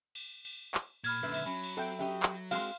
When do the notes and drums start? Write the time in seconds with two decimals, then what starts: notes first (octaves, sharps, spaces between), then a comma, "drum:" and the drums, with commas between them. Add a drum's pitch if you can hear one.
0.15 drum: cymbal
0.45 drum: cymbal
0.74 drum: clap
1.04 A#2 B5 F6 G#6, drum: cymbal
1.23 F#2 A#2 D3 B4 E5
1.34 drum: cymbal
1.46 F#3 C#4 B5
1.63 drum: cymbal
1.77 C4 F#4 A4 E5 G5
1.99 C#4 G4 D#5 E5
2.23 drum: clap
2.51 G#3 C4 F#4 F5 C6, drum: cymbal